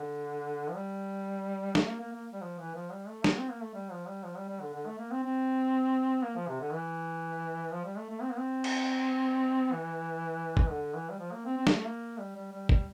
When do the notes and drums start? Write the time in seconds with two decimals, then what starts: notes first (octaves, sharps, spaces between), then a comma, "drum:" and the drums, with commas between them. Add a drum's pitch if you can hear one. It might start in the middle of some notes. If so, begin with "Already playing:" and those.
Already playing: D3
0.68 F3
0.75 G3
1.75 A3, drum: snare
1.87 A#3
2.00 A#3
2.13 A#3
2.33 G3
2.42 F3
2.58 E3
2.75 F3
2.92 G3
3.08 A3
3.24 A#3, drum: snare
3.37 C4
3.49 A#3
3.61 A3
3.74 G3
3.91 F3
4.07 G3
4.24 F3
4.37 G3
4.49 G3
4.61 D3
4.74 D3
4.86 A3
4.99 A#3
5.11 C4
5.23 C4
6.22 A#3
6.36 F3
6.48 C3
6.61 D3
6.73 E3
7.72 F3
7.84 G3
7.97 A3
8.09 A3
8.22 C4
8.30 A#3
8.38 C4
8.64 drum: cymbal
9.72 E3
10.57 drum: kick
10.70 D3
10.95 E3
11.10 G3
11.20 F3
11.32 A#3
11.46 C4
11.57 C4
11.67 A#3, drum: snare
11.76 A3
11.85 A#3
12.19 G3
12.36 G3
12.53 G3
12.69 G3, drum: kick